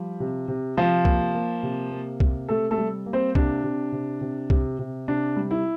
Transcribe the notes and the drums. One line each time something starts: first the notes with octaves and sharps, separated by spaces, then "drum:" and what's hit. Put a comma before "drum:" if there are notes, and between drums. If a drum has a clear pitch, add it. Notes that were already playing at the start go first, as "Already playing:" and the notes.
Already playing: F3 G3
C3
C3
C3 F3 F4
A#3, drum: kick C2
A#3
C3
A#3
C3, drum: kick C2
C3 A3 A4
A3 A4
G3
A#3
C4 C5
C3 D4, drum: kick C2
C3
C3
C3
C3, drum: kick C2
C3
C3 D4
G3
E4